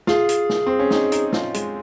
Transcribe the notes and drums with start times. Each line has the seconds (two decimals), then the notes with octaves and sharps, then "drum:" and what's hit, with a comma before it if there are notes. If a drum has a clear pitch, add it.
0.07 F4 G#4, drum: snare
0.29 drum: hi-hat
0.50 drum: snare
0.67 C4
0.79 C#4
0.91 D#4, drum: snare
1.12 D#4, drum: hi-hat
1.33 F4, drum: snare
1.54 G#3, drum: hi-hat